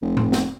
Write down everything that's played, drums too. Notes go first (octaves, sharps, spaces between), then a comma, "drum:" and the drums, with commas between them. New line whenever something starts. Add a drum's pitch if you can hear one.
F1
drum: tom A2
drum: snare